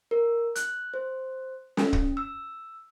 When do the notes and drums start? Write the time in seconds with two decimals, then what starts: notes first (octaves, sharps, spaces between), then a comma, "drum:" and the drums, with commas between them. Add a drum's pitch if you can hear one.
0.11 A#4
0.56 F#6, drum: hi-hat
0.94 C5
1.77 C#4, drum: snare
1.93 drum: kick
2.17 E6